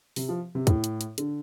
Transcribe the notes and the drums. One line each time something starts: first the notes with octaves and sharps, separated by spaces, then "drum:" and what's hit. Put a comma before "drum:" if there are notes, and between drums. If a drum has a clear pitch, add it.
C3, drum: open hi-hat
F3
C3
A2, drum: kick, hi-hat
drum: hi-hat
drum: hi-hat
D3, drum: hi-hat